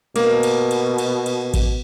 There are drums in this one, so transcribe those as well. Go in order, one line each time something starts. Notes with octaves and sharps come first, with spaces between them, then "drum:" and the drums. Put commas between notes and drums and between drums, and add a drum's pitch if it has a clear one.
B2 A#3, drum: cymbal
drum: cymbal
drum: cymbal
drum: cymbal
drum: cymbal
drum: kick A1, cymbal